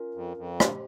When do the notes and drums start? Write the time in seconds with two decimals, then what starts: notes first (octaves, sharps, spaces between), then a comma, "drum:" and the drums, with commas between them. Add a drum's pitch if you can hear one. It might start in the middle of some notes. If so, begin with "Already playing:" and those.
Already playing: C#4 F4 A#4
0.15 F2
0.37 F2
0.60 G2 C#4 G4 C5, drum: rim click